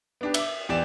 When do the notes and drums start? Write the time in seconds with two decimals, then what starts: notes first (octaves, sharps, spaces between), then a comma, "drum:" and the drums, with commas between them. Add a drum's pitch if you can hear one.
0.21 B3 D4 G4
0.34 E5 D6, drum: cymbal
0.69 E2 E3 G4 D5 E7